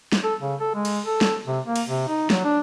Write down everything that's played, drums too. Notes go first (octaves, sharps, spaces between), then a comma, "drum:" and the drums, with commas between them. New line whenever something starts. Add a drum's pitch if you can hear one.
drum: snare
A4
C#3
A4
G#3
drum: cymbal
A4
drum: snare
C3
A#3
drum: cymbal
C3
D#4
F#3, drum: snare
D4